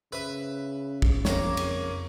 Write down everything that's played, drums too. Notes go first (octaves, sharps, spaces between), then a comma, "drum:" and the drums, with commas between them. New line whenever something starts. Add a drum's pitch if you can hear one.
C#3 B4 E5
drum: kick
F2 A#3 C#5, drum: snare
drum: cymbal